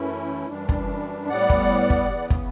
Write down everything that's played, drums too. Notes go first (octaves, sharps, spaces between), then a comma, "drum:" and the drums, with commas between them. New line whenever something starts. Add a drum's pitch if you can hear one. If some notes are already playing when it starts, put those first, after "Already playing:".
Already playing: F#2 E3 A3 C#4 E4
F#2 E3 G3 D4
drum: kick
A2 G3 B3 D5 F#5
drum: kick
drum: kick
C#3 E3 B3
drum: kick